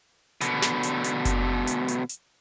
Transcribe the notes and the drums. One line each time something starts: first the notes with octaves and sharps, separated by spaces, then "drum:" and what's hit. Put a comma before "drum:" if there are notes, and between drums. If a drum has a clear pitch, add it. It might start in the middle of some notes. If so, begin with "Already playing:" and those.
B2 D3, drum: hi-hat
drum: snare
drum: hi-hat
drum: hi-hat
drum: kick F#1, hi-hat
drum: hi-hat
drum: hi-hat
drum: hi-hat